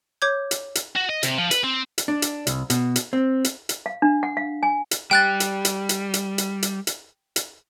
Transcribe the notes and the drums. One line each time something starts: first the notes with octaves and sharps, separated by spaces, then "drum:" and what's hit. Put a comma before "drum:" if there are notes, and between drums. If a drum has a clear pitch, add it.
C#5 D6 G6 G#6
drum: hi-hat
drum: hi-hat
F#4
D#5
C3, drum: hi-hat
F3
B4, drum: hi-hat
C4
drum: hi-hat
D4
drum: hi-hat
C2, drum: hi-hat
B2, drum: hi-hat
drum: hi-hat
C4
drum: hi-hat
drum: hi-hat
F5
D4
F#5
F5
G#5
drum: hi-hat
G3 G5 F#6 A6
drum: hi-hat
drum: hi-hat
drum: hi-hat
drum: hi-hat
drum: hi-hat
drum: hi-hat
drum: hi-hat
drum: hi-hat